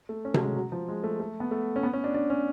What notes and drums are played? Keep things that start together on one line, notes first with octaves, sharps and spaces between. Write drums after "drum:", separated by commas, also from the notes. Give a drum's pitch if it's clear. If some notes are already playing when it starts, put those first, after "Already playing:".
A3
C#4
F#3, drum: tom C3
G#3
F#3
F3
G#3
A3
A3
B3
A3
C#4
B3
C#4
D4
D4
C#4